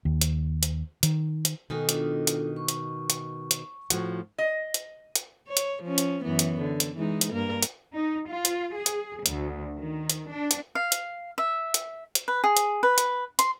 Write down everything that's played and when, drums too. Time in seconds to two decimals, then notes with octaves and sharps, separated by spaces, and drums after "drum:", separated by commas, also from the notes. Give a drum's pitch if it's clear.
0.05 D#2
0.21 drum: hi-hat
0.63 drum: hi-hat
1.03 D#3, drum: hi-hat
1.45 drum: hi-hat
1.70 B2 D#3 F#4 A4 G#5
1.89 D4 F4 A4, drum: hi-hat
2.27 drum: hi-hat
2.56 C#6
2.68 drum: hi-hat
3.10 drum: hi-hat
3.51 drum: hi-hat
3.90 A2 F3 F#4, drum: hi-hat
4.38 D#5
4.74 drum: hi-hat
5.16 drum: hi-hat
5.47 C#5
5.57 drum: hi-hat
5.83 F3 C#4
5.98 drum: hi-hat
6.24 F#2 E3 B3
6.39 drum: hi-hat
6.60 D3
6.80 drum: hi-hat
6.97 E3 G#3 D#4
7.21 drum: hi-hat
7.33 G2 A#3 A#4
7.63 drum: hi-hat
7.95 D#4
8.29 F4
8.45 drum: hi-hat
8.76 G#4
8.86 drum: hi-hat
9.26 D2, drum: hi-hat
9.77 D#3
10.10 drum: hi-hat
10.30 D4
10.51 drum: hi-hat
10.75 F5
10.92 drum: hi-hat
11.38 E5
11.74 drum: hi-hat
12.15 drum: hi-hat
12.28 B4
12.44 G#4
12.57 drum: hi-hat
12.83 B4
12.98 drum: hi-hat
13.39 C6, drum: hi-hat